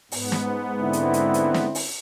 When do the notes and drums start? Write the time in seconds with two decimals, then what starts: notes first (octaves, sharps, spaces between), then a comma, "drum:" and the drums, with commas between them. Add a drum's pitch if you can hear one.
0.12 G#2 B3, drum: open hi-hat
0.32 drum: snare
0.81 D3 C4 E4
0.93 drum: hi-hat
1.14 drum: hi-hat
1.34 drum: hi-hat
1.54 drum: snare
1.75 drum: open hi-hat